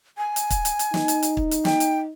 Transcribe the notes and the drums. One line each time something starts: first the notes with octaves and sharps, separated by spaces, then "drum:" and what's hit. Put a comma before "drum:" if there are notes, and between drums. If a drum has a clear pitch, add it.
G#5
drum: hi-hat
drum: kick, hi-hat
drum: hi-hat
drum: hi-hat
D#4, drum: snare
drum: hi-hat
drum: hi-hat
drum: kick
drum: hi-hat
G5, drum: snare
drum: hi-hat